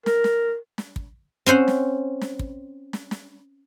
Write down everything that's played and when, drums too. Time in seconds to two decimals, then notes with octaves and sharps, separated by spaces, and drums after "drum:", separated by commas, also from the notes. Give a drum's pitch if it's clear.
0.06 A#4, drum: snare
0.24 drum: snare
0.78 drum: snare
0.96 drum: kick
1.46 C4 C#4 C5 F#5
1.68 drum: snare
2.21 drum: snare
2.39 drum: kick
2.93 drum: snare
3.11 drum: snare